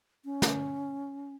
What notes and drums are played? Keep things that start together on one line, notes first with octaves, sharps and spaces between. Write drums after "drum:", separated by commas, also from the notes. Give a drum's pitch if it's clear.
C#4
drum: snare